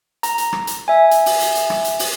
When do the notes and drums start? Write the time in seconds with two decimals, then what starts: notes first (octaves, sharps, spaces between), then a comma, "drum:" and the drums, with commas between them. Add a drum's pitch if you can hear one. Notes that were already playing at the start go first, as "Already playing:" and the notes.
0.23 A#5, drum: hi-hat
0.38 drum: hi-hat
0.53 drum: rim click
0.67 drum: hi-hat
0.88 E5 G#5
1.11 drum: hi-hat
1.26 drum: open hi-hat
1.41 drum: hi-hat
1.55 drum: hi-hat
1.70 drum: rim click
1.85 drum: hi-hat
1.99 drum: open hi-hat